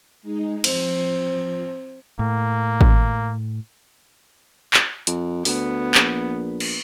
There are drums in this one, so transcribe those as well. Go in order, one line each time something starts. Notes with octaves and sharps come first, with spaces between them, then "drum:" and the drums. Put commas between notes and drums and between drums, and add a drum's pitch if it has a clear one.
G#3 D#4
F3 C4, drum: cymbal
A2 A#3
drum: kick G#1
drum: clap
F2, drum: hi-hat
D2 B3, drum: open hi-hat
A#1, drum: clap
drum: cymbal